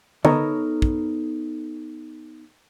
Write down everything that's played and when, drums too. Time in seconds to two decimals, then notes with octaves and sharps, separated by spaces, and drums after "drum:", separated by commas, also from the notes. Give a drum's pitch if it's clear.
0.25 B3 D#4 A4 A#4 C#5 D#5, drum: tom D3
0.82 drum: kick